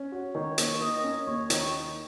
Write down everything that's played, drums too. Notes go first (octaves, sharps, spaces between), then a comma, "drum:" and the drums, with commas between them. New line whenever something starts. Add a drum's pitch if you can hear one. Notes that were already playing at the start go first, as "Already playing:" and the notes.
Already playing: C#4
F#4
D#3 C#5
A#3, drum: hi-hat
A#3 D#5
C#4
D#2 C#5
D#3, drum: hi-hat